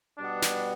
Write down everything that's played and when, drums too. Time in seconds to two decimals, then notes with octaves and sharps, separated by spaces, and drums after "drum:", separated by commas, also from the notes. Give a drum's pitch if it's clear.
0.18 B2 G3 B3 D4
0.42 drum: snare